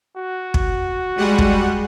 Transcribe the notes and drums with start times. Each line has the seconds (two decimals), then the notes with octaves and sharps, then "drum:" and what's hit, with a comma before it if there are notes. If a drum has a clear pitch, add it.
0.17 F#4
0.54 drum: kick
1.17 G3 G#3 F#5
1.38 drum: kick